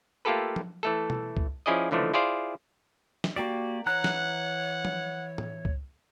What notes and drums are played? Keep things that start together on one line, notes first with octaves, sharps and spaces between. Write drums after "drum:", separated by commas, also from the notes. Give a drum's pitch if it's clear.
A3 A#3 F4 G4 A4 B4
drum: tom F3
E3 A3 A4
drum: tom B2
drum: kick C#2
F3 C#4 E4 G#4 D5 D#5
C#2 D3 E3 F3 A3
E4 F4 G#4 C5 D5 F5
drum: snare
A#3 F#4 G4 D5
E3 C#5 F#5 A#5 F#6
drum: snare
drum: tom F3
drum: tom A2
drum: kick C#2